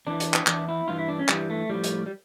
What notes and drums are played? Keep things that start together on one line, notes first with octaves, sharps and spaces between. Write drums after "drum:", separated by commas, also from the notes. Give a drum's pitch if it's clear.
E2 E3 D4
drum: hi-hat
drum: clap
E2 E3 D4, drum: clap
E4
G2 E3 F4
E4
D4
C#4
G2 E3 G3, drum: clap
A3
A2 F3 G3
drum: hi-hat
G3